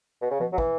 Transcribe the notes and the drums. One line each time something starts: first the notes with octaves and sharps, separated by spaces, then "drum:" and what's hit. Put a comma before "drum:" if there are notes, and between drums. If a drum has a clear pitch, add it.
B2
C#3
B2, drum: tom F3
F#3
E3, drum: kick